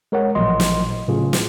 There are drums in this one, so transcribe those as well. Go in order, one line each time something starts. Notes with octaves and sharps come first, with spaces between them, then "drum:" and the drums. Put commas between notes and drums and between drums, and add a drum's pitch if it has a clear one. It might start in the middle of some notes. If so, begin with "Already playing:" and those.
G#3 A#4 C#5 F#5
A1 A#2 F3 F#3 D#5 C6
drum: snare
A2 C#3 F#3 F4 G#4
drum: snare